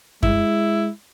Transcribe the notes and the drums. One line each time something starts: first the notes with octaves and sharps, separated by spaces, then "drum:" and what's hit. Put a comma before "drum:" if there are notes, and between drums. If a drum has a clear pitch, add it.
G#3 E4, drum: kick F#2